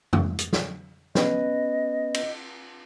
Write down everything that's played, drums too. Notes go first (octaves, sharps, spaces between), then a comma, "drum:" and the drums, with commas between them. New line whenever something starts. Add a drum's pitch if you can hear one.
drum: tom F2
drum: hi-hat
drum: snare
B3 C#4 B4 D#5, drum: snare
drum: cymbal